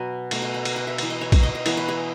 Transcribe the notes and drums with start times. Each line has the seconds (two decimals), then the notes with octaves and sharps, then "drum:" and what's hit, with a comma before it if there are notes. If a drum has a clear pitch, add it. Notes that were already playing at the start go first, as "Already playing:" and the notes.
Already playing: B2 F#3 B3 G#5
0.31 B2 A3 F#5, drum: cymbal
0.42 G#5
0.54 F#5
0.65 G#5, drum: cymbal
0.76 F#5
0.87 E5
0.98 E3 B3, drum: cymbal
1.10 D#5
1.21 C#5
1.32 D#5, drum: kick, cymbal
1.43 D#5
1.55 D#5
1.66 E3 B3 C#5, drum: cymbal
1.77 B4
1.88 G#4